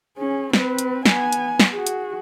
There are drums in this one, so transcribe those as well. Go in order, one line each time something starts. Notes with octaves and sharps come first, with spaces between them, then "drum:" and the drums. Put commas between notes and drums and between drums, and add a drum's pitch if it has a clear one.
C#4 G#4
C4 B4, drum: snare
drum: hi-hat
B3 G#5, drum: snare
drum: hi-hat
drum: snare
F#4 G#4
drum: hi-hat